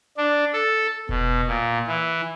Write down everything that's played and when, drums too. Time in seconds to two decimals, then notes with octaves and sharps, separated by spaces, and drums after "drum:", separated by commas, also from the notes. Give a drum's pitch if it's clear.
0.17 D4
0.53 A4
1.09 B2, drum: kick E1
1.47 A#2
1.87 E3